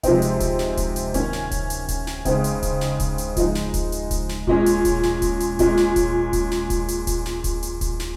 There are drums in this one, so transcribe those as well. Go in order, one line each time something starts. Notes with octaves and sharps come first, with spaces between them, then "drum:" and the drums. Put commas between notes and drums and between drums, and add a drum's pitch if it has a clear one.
C3 F3 G#3 C4 D#4, drum: kick D1, hi-hat
drum: hi-hat
drum: kick D1, hi-hat
drum: snare
drum: kick D1, hi-hat
drum: hi-hat
D#3 A#3 C#4, drum: kick D1, hi-hat
drum: snare
drum: kick D1, hi-hat
drum: hi-hat
drum: kick D1, hi-hat
drum: snare
C#3 G#3 C4 D#4, drum: kick D1, hi-hat
drum: hi-hat
drum: kick D1, hi-hat
drum: snare
drum: kick D1, hi-hat
drum: hi-hat
F3 G#3 D#4, drum: kick D1, hi-hat
drum: snare
drum: kick D1, hi-hat
drum: hi-hat
drum: kick D1, hi-hat
drum: snare
A#2 G#3 C#4, drum: kick D1
drum: hi-hat
drum: kick D1, hi-hat
drum: snare
drum: kick D1, hi-hat
drum: hi-hat
A#2 G#3 C#4, drum: kick D1, hi-hat
drum: snare
drum: kick D1, hi-hat
drum: kick D1, hi-hat
drum: snare
drum: kick D1, hi-hat
drum: hi-hat
drum: kick D1, hi-hat
drum: snare
drum: kick D1, hi-hat
drum: hi-hat
drum: kick D1, hi-hat
drum: snare